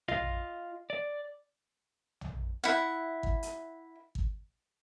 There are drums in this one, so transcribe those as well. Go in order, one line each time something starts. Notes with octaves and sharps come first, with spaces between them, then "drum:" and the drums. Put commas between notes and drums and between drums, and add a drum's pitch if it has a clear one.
F4 D#5 F5, drum: tom
D5
drum: tom
E4 F#5
drum: kick
drum: hi-hat
drum: kick